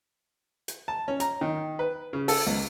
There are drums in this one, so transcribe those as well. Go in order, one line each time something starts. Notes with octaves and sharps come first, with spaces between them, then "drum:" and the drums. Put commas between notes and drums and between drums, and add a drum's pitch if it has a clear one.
drum: hi-hat
A5
C#4
A#5, drum: hi-hat
D#3
B4
C#3
A4, drum: open hi-hat
C#2